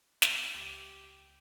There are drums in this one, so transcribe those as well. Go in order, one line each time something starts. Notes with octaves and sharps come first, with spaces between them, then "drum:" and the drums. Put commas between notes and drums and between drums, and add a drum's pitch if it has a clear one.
B3, drum: snare
C#2 G4